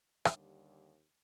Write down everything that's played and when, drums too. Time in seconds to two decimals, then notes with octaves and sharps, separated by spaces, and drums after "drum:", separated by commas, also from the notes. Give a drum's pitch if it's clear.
0.25 D#2 D3 G3, drum: rim click